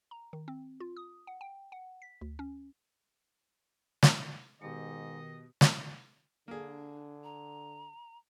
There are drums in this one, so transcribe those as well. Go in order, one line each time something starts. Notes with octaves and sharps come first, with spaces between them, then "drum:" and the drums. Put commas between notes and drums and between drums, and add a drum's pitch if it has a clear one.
A#5
D#3
C4
F4
D#6
F#5
G5
F#5
B6
D2
C#4
drum: snare
G#2 B2 D#3 G4 D#5 C#7
drum: snare
D3 A#3 D4 G#4
A#5